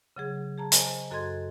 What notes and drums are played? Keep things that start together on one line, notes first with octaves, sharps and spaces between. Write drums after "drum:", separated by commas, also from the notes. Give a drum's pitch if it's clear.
C#3 F#3 G#4
G#4 A5 A#5
C5 D#5 G#5, drum: hi-hat
F#2 F#4 A4 D#5 C6 G#6